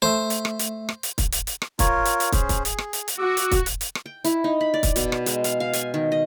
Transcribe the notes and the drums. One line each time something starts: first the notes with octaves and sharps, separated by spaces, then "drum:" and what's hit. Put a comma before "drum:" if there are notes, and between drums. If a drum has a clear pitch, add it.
A3 C5 E5
drum: hi-hat
drum: rim click
drum: hi-hat
drum: rim click
drum: hi-hat
drum: kick, hi-hat
drum: hi-hat
drum: hi-hat
drum: rim click
F4 A#4 C#5, drum: kick, hi-hat
drum: hi-hat
drum: hi-hat
C#4 G#4 C5, drum: kick, hi-hat
drum: kick, hi-hat
G#4, drum: hi-hat
drum: rim click
drum: hi-hat
drum: hi-hat
F#4 D6 E6
drum: hi-hat
drum: kick, hi-hat
drum: hi-hat
drum: hi-hat
drum: rim click
G5
E4, drum: hi-hat
D#4
B5
D5
drum: kick, hi-hat
B2, drum: hi-hat
drum: rim click
G#3, drum: hi-hat
F5, drum: hi-hat
F5
G#5, drum: hi-hat
D#3
D#5